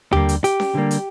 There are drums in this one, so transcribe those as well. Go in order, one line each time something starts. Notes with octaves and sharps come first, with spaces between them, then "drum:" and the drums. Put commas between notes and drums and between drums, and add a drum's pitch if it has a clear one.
D3 G3 A#3 G4, drum: tom D#2
drum: hi-hat
G4, drum: hi-hat
drum: snare C#4
D3 G3 A#3
drum: hi-hat